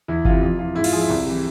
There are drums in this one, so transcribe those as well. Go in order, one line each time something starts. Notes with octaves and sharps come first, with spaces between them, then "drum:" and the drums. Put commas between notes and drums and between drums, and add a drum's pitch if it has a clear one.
E2 E4
C3 E3 F4, drum: kick G1
F2 F4
E3 F4
G#2 E4
F4, drum: cymbal
F3 G#4
E4
C2
C3 E3